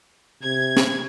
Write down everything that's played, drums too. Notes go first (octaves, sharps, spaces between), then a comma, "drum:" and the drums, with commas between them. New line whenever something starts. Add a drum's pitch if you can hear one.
C3 G#6
drum: snare